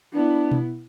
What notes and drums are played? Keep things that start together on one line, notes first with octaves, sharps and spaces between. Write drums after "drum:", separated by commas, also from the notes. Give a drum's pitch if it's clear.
B3 D4 E4
drum: tom B2